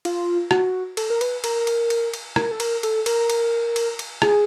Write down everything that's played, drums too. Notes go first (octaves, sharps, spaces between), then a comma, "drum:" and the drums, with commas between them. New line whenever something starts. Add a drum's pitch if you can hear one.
F4, drum: cymbal
F#4, drum: rim click
A4, drum: cymbal
A#4
B4, drum: cymbal
A#4, drum: cymbal
drum: cymbal
drum: cymbal
drum: cymbal
A#4, drum: rim click
A4
A#4, drum: cymbal
A4, drum: cymbal
A#4, drum: cymbal
drum: cymbal
drum: cymbal
drum: cymbal
G#4, drum: rim click